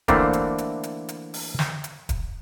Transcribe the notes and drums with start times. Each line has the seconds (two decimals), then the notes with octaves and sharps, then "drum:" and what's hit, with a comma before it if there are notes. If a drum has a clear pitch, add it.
0.08 D3 E3 A3 A#3 C4 D4, drum: kick, hi-hat
0.33 drum: hi-hat
0.58 drum: hi-hat
0.83 drum: hi-hat
1.09 drum: hi-hat
1.34 drum: open hi-hat
1.59 drum: snare
1.84 drum: hi-hat
2.09 drum: kick, hi-hat